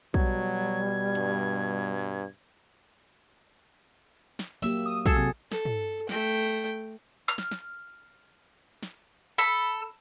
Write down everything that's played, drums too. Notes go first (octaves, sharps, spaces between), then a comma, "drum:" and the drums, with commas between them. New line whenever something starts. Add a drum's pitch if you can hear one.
B2 F#3 G3 G#6, drum: kick
G2, drum: hi-hat
drum: snare
F#3 A#3 G4 E5, drum: open hi-hat
D#6
F#3 F#4 G#4 A4 E6, drum: kick
C3
A4, drum: snare
drum: tom
A3 G5, drum: snare
F6
drum: snare
drum: snare
drum: snare
A4 B5